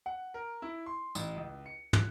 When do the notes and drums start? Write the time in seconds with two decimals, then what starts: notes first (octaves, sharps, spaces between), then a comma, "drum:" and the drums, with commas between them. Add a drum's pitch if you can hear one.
0.06 F#5
0.34 A#4
0.62 E4
0.86 C6
1.15 A1, drum: tambourine
1.36 C#2
1.66 C#7
1.93 F#6, drum: tom